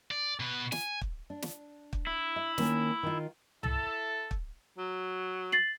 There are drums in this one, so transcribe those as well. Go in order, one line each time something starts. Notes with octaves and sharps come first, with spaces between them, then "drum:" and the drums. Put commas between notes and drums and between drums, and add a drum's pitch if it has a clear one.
D5
B2 B4
G#5, drum: snare
drum: kick
D4
drum: snare
drum: kick
E4
E5
D#3 A#3 C#4, drum: snare
D#3 D#4 F4
E4 A4, drum: tom C2
drum: kick
F#3
A6 C7 F#7